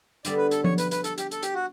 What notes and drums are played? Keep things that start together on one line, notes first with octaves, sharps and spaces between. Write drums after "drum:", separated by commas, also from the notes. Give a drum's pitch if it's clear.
D3 G3 B3 D5, drum: hi-hat
B4
A4, drum: hi-hat
C#5, drum: tom F3
B4, drum: hi-hat
B4, drum: hi-hat
A4, drum: hi-hat
G4, drum: hi-hat
A4, drum: hi-hat
G4, drum: hi-hat
F#4